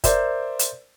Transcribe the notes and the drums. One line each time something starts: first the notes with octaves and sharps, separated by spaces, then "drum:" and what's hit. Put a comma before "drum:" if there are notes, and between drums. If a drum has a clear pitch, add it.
A#4 C5 D5 E5, drum: kick, hi-hat
drum: hi-hat